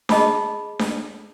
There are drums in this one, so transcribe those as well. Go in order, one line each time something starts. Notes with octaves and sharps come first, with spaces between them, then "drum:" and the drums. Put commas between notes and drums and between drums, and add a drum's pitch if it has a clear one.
G#4 D#5 A5 B5 D6, drum: snare D4
drum: snare D4